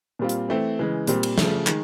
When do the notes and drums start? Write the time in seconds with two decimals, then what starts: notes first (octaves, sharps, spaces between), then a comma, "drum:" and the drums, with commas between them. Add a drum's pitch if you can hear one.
0.19 A#2 G3 C4 F4
0.29 drum: hi-hat
0.49 E3 A3 C4
0.79 C#3 E3 G#3
1.07 A#2 G3 C4, drum: hi-hat
1.23 drum: cymbal
1.38 C#3 F3 A3, drum: snare
1.67 D#3 G#3, drum: clap